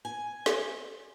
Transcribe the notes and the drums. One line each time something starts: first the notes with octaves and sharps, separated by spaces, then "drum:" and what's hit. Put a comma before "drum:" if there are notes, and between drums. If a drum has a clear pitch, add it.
G#5
drum: snare